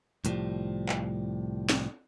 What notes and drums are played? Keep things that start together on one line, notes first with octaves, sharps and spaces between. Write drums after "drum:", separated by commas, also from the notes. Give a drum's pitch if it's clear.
C2 A2 D#3 F3 G3, drum: hi-hat
drum: clap
drum: snare